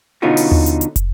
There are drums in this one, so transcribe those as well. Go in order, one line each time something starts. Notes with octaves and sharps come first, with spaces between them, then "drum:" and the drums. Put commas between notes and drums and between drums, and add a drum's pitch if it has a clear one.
B2 D3 C#4 D#4 F4 F#4
drum: open hi-hat
drum: tom D#2
drum: hi-hat
drum: hi-hat
drum: kick, hi-hat